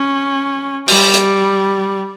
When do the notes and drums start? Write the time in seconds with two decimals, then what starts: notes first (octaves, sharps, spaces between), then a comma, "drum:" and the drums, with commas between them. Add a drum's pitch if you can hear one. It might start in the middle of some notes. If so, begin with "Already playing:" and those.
Already playing: C#4
0.88 G3, drum: open hi-hat
1.14 drum: hi-hat